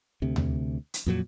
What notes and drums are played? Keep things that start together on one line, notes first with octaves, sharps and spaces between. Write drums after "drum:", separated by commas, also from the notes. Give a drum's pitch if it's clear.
D2 C3
drum: tom D#2
drum: hi-hat
F2 A#2 F#3